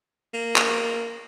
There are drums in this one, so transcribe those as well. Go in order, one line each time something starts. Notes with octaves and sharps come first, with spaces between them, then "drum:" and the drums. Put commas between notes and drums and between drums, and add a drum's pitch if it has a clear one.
A#3
drum: clap